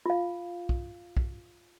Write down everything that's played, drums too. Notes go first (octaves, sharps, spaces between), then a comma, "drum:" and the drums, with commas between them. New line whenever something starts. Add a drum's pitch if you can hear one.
F4 F5
drum: kick
drum: kick